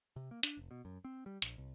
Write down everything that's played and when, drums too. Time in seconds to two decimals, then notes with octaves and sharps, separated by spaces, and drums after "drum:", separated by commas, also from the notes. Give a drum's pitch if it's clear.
0.16 C3
0.31 A#3
0.43 D4, drum: hi-hat
0.57 F1
0.71 B2
0.85 F#2
1.05 C4
1.26 G3
1.42 A#1, drum: hi-hat
1.58 C2